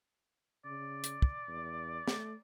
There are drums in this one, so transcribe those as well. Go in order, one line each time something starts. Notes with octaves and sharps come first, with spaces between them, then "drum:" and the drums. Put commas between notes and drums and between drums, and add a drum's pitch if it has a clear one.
C#3 D5
drum: hi-hat
drum: kick
E2
A3, drum: snare